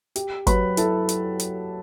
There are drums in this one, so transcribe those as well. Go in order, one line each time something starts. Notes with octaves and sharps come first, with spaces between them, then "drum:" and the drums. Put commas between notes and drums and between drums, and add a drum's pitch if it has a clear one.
G4, drum: hi-hat
F#3 B4 B5, drum: kick G1, hi-hat
E4 A4 A5, drum: hi-hat
drum: hi-hat
drum: hi-hat